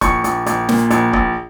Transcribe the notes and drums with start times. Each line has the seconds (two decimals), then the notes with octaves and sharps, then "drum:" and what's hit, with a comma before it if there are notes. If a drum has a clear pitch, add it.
0.01 A#1 C#6, drum: kick, hi-hat
0.24 A#1, drum: hi-hat
0.46 A#1, drum: hi-hat
0.69 A#2, drum: snare
0.90 A#1, drum: hi-hat
1.13 A#1, drum: kick